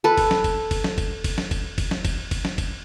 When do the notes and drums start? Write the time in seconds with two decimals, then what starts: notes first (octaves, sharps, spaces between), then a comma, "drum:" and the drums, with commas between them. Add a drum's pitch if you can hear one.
0.04 A4 B4
0.18 drum: kick, cymbal
0.31 drum: snare
0.44 drum: kick, cymbal
0.71 drum: kick, cymbal
0.84 drum: snare
0.98 drum: kick, cymbal
1.24 drum: kick, cymbal
1.38 drum: snare
1.51 drum: kick, cymbal
1.78 drum: kick, cymbal
1.91 drum: snare
2.05 drum: kick, cymbal
2.31 drum: kick, cymbal
2.45 drum: snare
2.58 drum: kick, cymbal